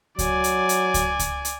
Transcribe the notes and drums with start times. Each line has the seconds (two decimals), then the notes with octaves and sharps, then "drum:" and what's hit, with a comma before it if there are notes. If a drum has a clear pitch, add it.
0.19 F#3 D5 G#5, drum: kick C#2, hi-hat
0.44 drum: hi-hat
0.69 drum: hi-hat
0.94 drum: kick C#2, hi-hat
1.19 drum: kick C#2, hi-hat
1.45 drum: hi-hat